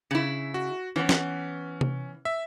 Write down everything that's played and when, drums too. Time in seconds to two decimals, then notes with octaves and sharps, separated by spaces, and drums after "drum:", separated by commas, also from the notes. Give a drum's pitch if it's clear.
0.11 C#3 E4
0.54 F#4
0.96 E3 B3 C#4
1.09 drum: snare
1.81 drum: tom C3
2.25 E5